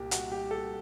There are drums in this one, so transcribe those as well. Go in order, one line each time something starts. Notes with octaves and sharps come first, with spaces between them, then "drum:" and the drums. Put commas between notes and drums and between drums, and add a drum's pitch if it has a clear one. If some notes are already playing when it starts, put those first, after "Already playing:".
Already playing: C2 A#2 G4
F#4, drum: hi-hat
G4
A4